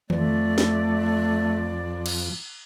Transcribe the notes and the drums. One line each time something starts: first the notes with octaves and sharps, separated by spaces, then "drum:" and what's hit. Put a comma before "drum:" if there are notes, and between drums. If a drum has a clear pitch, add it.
F2 A3 D5, drum: tom D#3
drum: snare
drum: cymbal